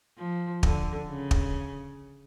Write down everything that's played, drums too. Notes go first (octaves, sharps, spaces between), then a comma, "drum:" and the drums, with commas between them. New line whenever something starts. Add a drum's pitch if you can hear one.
F3
D3, drum: kick
C#3
drum: kick